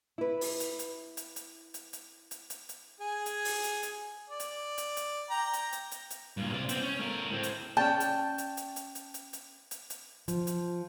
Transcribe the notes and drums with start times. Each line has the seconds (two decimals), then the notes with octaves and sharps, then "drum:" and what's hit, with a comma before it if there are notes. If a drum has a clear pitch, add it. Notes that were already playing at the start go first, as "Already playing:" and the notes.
0.18 E4 B4
0.41 drum: open hi-hat
0.60 drum: hi-hat
0.79 drum: hi-hat
1.17 drum: hi-hat
1.36 drum: hi-hat
1.74 drum: hi-hat
1.93 drum: hi-hat
2.31 drum: hi-hat
2.50 drum: hi-hat
2.69 drum: hi-hat
3.00 G#4 G#5
3.26 drum: hi-hat
3.45 drum: open hi-hat
3.64 drum: hi-hat
3.83 drum: hi-hat
4.30 D5
4.40 drum: hi-hat
4.78 drum: hi-hat
4.97 drum: hi-hat
5.30 G5 A#5
5.53 drum: hi-hat
5.72 drum: hi-hat
5.91 drum: hi-hat
6.10 drum: hi-hat
6.37 G2 A#2
6.54 C3 D5
6.69 B3 C4, drum: hi-hat
6.82 C#4
6.99 A3 A#4
7.30 A2 C4
7.43 drum: hi-hat
7.77 C#4 D5 G5 A5
8.00 drum: hi-hat
8.38 drum: hi-hat
8.57 drum: hi-hat
8.76 drum: hi-hat
8.95 drum: hi-hat
9.14 drum: hi-hat
9.33 drum: hi-hat
9.71 drum: hi-hat
9.90 drum: hi-hat
10.28 F3, drum: hi-hat
10.47 drum: hi-hat